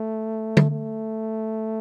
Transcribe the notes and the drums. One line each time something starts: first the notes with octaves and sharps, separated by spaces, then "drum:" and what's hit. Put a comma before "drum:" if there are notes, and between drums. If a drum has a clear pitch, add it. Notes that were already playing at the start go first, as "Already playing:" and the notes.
Already playing: A3
drum: tom
A3